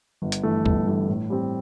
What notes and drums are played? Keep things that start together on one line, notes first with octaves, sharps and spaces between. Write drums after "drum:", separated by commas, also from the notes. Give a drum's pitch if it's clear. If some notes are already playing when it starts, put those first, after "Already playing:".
G1
drum: hi-hat
G2 E3 A3
G1, drum: kick
G2 E3 A3
A2
G3 C4